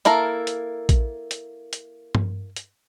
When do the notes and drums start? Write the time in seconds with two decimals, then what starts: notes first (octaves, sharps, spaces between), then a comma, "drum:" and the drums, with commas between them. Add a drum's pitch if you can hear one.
0.05 A#3 E4 A4 A#4, drum: hi-hat
0.47 drum: hi-hat
0.89 drum: kick A#1, hi-hat
1.31 drum: hi-hat
1.73 drum: hi-hat
2.15 drum: tom G2
2.56 drum: hi-hat